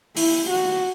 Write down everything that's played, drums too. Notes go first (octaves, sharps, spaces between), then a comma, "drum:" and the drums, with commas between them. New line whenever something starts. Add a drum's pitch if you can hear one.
E4, drum: open hi-hat
F#4